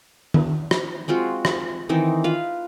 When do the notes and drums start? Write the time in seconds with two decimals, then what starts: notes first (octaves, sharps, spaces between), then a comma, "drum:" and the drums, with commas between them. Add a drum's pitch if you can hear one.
0.34 drum: tom D#3
0.71 drum: rim click
1.08 G#3 C4 F4 F#4
1.45 drum: rim click
1.89 D#3 E3 C4 D#4
2.24 F4 B4 F5